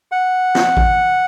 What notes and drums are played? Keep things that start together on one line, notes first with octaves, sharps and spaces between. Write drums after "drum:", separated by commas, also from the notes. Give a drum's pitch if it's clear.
F#5
drum: snare
drum: kick A1